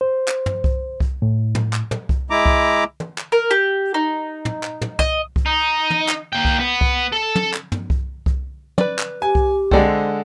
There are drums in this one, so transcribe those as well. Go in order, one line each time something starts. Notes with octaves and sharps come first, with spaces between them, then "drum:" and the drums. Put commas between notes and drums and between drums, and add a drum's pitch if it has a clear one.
C5
drum: clap
drum: tom
drum: kick C2
drum: kick C2
A2
drum: tom
drum: clap
drum: tom
drum: kick C2
G#3 E4 A#5 D6
drum: kick C2
drum: tom
drum: clap
A#4
G4
D#4
drum: tom
drum: clap
drum: tom
D#5, drum: kick C2
drum: kick C2
D#4
drum: tom
drum: clap
A#3 G5
drum: kick C2
B3
drum: kick C2
A4
drum: tom
drum: clap
drum: tom
drum: kick C2
drum: kick C2
B4 D5, drum: tom
drum: clap
G4 G#5
drum: kick C2
D3 G#3 C4 A4 D5 B5, drum: kick C2